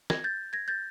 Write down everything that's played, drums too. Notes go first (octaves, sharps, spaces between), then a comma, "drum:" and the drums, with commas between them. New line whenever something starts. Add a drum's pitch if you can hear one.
G#6 A#6, drum: snare
G6 A6
G#6 A#6
G6 A6